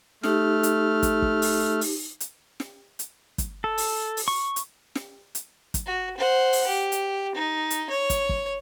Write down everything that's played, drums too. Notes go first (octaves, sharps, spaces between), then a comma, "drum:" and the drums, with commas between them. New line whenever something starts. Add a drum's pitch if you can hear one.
A3 D#4 G4 F6, drum: snare
drum: hi-hat
drum: kick, hi-hat
drum: kick
drum: open hi-hat
drum: open hi-hat
drum: hi-hat
drum: snare
drum: hi-hat
drum: kick, hi-hat
A4
drum: open hi-hat
drum: open hi-hat
C#6
drum: hi-hat
drum: snare
drum: hi-hat
drum: kick, hi-hat
F#4
C5 F#5
drum: open hi-hat
G4
drum: hi-hat
D#4
drum: hi-hat
C#5
drum: kick, hi-hat
drum: kick